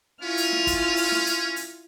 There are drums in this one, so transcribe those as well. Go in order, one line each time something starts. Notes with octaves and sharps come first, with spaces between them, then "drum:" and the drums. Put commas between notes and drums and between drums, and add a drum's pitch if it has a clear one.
C#4 E4 F4 F6
drum: hi-hat
drum: snare
drum: kick, hi-hat
drum: open hi-hat
drum: snare
drum: hi-hat
drum: hi-hat